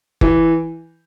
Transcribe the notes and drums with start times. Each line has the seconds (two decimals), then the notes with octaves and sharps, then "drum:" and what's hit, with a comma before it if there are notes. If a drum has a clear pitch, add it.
0.21 E3, drum: kick F#1